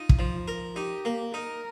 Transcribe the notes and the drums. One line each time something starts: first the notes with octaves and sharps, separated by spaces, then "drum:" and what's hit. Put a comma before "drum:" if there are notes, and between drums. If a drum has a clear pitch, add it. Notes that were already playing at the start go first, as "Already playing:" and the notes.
Already playing: D#4 F4
drum: kick
F3
A#4
D#4 G4
A#3
D#4 A#4